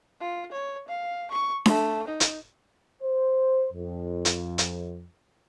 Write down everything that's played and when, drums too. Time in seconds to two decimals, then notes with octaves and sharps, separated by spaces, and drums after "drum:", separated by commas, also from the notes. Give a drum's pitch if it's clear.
0.21 F4
0.52 C#5
0.88 F5
1.31 C#6
1.66 A3, drum: snare D4
2.08 D#4
2.20 drum: hi-hat
3.01 C5
3.73 F2
4.25 drum: hi-hat
4.58 drum: hi-hat